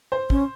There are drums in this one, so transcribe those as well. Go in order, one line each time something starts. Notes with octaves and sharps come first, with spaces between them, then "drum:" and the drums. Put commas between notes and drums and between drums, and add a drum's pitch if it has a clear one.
C5
C#4, drum: kick